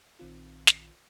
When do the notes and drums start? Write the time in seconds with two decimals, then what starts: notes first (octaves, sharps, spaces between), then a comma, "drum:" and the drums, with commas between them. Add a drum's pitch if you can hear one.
0.19 A#1 D#3 C4 F4
0.67 drum: snare